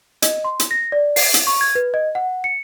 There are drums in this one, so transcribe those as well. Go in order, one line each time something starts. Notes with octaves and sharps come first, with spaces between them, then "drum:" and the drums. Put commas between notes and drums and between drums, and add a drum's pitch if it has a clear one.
D#5, drum: hi-hat
C6
drum: hi-hat
A#6
D5
C7, drum: open hi-hat
drum: hi-hat
C#6
G#6
B4
D#5
F#5
C#7